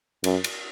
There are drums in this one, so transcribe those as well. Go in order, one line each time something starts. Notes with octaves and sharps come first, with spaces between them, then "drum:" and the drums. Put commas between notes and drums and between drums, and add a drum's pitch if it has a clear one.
F#2, drum: cymbal
drum: cymbal